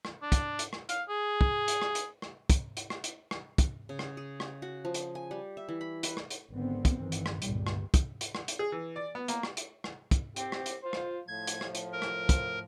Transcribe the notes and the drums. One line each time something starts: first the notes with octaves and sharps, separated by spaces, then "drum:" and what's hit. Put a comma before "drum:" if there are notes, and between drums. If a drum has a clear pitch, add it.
drum: rim click
D4
drum: kick, hi-hat
drum: hi-hat
drum: rim click
F5, drum: hi-hat
G#4
drum: kick
drum: hi-hat
drum: rim click
drum: hi-hat
drum: rim click
drum: kick, hi-hat
drum: hi-hat
drum: rim click
drum: hi-hat
drum: rim click
drum: kick, hi-hat
C#3
drum: rim click
G#4
drum: rim click
F#4
F3
drum: hi-hat
G#5
G3
E5
E3
B5
B4, drum: hi-hat
drum: rim click
drum: hi-hat
G#1 D3 B3 C4
drum: kick, hi-hat
G1 D#3 E3
drum: hi-hat
drum: rim click
G1 C#2 G2 A#2 G3, drum: hi-hat
drum: rim click
drum: kick, hi-hat
drum: hi-hat
drum: rim click
drum: hi-hat
G#4
E3
D5
B3
A#3, drum: hi-hat
drum: rim click
drum: hi-hat
drum: rim click
drum: kick, hi-hat
C4 G4, drum: hi-hat
drum: rim click
drum: hi-hat
F4 C5
drum: rim click
A2 F3 G#6
drum: hi-hat
drum: rim click
drum: hi-hat
A#4
drum: rim click
drum: kick, hi-hat